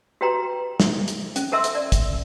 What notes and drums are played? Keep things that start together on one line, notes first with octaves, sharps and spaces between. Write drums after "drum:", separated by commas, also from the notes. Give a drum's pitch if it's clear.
F#4 G4 B4 G5 A#5 C6
drum: snare
drum: hi-hat
C#4, drum: hi-hat
A4 A#4 E5 C6 E6
drum: hi-hat
D5
drum: kick, hi-hat